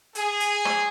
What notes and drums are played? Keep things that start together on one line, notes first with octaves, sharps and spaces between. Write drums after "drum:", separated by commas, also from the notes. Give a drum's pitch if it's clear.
G#4, drum: hi-hat
drum: hi-hat
drum: rim click